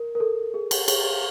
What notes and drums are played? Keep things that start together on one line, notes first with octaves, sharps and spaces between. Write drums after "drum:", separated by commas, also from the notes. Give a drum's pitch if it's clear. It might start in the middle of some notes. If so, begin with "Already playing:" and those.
Already playing: A#4
A#4
A4
G#4
drum: cymbal
G#4, drum: cymbal